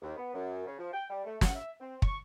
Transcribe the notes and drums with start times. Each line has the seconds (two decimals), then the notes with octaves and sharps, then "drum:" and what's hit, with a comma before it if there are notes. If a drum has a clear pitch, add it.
0.02 D#2
0.16 B3
0.34 F#2
0.66 C#3
0.79 F3
0.93 G5
1.09 G3
1.25 A3
1.41 F#5, drum: snare
1.54 E5
1.80 C4
2.02 C#6, drum: kick